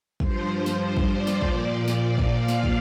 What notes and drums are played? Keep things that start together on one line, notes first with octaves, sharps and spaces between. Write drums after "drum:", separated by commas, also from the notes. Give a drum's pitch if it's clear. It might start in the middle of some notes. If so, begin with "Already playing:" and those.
G2 F3 C5, drum: kick
drum: snare
drum: kick
D5
drum: snare
A#2 F3 D5, drum: kick
D5
drum: snare
drum: kick
F5
drum: snare
drum: kick